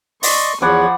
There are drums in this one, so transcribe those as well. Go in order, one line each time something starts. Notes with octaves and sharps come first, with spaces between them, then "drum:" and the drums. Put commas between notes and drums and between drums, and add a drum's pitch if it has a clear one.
D5 D#5 C6 C#6, drum: open hi-hat
E2 F3 C#5 D5 F#5 B5 C#6